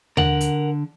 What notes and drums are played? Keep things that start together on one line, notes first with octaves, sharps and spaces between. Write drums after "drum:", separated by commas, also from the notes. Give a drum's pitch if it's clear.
D3 A#4 F#5, drum: tom D#2
drum: hi-hat